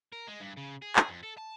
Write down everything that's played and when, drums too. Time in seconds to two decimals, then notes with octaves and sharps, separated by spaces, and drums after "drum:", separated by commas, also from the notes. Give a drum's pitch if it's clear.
0.12 A#4
0.27 G#3
0.40 G2
0.57 C#3
0.82 G#4
0.96 G#4, drum: clap
1.09 F2
1.23 A4
1.38 A5